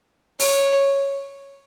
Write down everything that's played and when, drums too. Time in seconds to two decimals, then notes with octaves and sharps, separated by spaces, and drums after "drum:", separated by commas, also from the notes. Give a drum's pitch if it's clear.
0.40 C#5, drum: open hi-hat